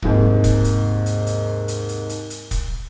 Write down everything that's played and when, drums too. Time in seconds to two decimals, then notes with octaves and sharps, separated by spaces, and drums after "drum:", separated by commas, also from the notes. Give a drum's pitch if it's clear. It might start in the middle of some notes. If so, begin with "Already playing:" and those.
0.02 D#2 G#2 C3, drum: kick
0.44 drum: kick, hi-hat
0.65 drum: hi-hat
1.06 drum: hi-hat
1.27 drum: hi-hat
1.68 drum: hi-hat
1.89 drum: hi-hat
2.10 drum: hi-hat
2.30 drum: hi-hat
2.51 drum: kick, hi-hat